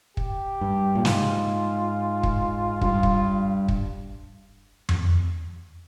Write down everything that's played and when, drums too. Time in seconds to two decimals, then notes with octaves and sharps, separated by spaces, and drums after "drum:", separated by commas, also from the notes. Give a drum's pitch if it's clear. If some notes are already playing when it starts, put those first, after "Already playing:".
0.17 G4, drum: kick
0.61 G2
0.95 A#2
1.05 G#2 F4, drum: snare
2.23 drum: kick
2.81 G2 F4, drum: kick
3.03 drum: kick
3.68 drum: kick
4.89 drum: tom F2